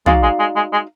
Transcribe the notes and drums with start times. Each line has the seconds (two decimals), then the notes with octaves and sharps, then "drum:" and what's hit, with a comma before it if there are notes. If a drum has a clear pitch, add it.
0.06 G#3 D#4 F#4 D5 F5, drum: tom
0.23 G#3
0.39 G#3
0.56 G#3
0.72 G#3